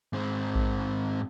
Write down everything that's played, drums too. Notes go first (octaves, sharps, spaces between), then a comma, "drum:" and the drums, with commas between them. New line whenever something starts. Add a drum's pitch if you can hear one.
G#2 C4
drum: kick A#1